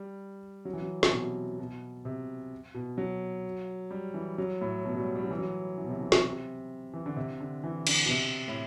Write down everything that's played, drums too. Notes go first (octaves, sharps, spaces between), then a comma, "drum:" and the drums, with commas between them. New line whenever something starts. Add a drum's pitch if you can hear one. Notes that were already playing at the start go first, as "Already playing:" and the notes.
Already playing: G3
F#3
E3
F#3
C3, drum: snare
B2
B2
C3
B2
F#3
G3
E3
F#3
A2
B2
F#3
G3
G3
F#3
E3
F#3
E3
B2
C3
E3
C3, drum: snare
E3
D3
C3
D3
E3
D3, drum: cymbal
B2
C3
A2